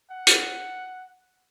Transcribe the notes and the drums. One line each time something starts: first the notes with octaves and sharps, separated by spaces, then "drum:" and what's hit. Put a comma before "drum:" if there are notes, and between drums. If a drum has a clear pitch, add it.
F#5
drum: hi-hat